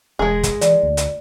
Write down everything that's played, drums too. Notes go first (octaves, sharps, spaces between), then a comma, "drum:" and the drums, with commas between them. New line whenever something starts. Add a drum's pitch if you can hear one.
E1 G#3 G#4
drum: kick, hi-hat
E3 D5, drum: hi-hat
D2
drum: hi-hat